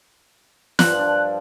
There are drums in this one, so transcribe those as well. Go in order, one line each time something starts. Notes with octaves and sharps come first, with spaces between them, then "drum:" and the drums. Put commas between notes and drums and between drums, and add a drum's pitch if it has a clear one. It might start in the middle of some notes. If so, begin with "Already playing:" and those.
G2 F3 F#6, drum: snare
D4